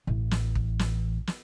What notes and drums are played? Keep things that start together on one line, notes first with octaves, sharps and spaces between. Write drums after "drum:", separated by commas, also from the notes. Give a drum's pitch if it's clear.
A1 A2
drum: snare
drum: kick
drum: snare
drum: snare